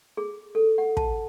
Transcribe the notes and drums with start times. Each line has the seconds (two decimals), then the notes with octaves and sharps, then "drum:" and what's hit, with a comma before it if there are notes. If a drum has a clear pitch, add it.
0.17 G#4
0.55 A4
0.78 F#5
0.97 A5, drum: kick